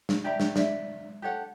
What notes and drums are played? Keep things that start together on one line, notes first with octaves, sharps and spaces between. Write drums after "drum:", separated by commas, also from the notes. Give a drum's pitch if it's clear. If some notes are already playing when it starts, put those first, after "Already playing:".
drum: snare
G4 D5 E5 A#5
drum: snare
D5 E5, drum: snare
G4 A4 C#5 F#5